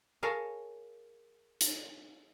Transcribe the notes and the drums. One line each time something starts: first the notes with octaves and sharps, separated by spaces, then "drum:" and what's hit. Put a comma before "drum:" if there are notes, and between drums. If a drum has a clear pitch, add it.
G#4 A#4 C#5 F5 A5
drum: hi-hat